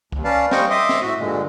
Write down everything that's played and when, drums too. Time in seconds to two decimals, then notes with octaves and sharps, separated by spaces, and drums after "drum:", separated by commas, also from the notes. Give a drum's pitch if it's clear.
0.12 D#2, drum: kick
0.24 C#4 B4 D5 F5 A5
0.51 G3 A#3 C5 D#5 G5 C#6, drum: snare
0.70 D#5 E5 C6 D6 D#6
0.89 drum: snare
1.02 A2 F#4 E5
1.19 G2 A#2 D3 G#3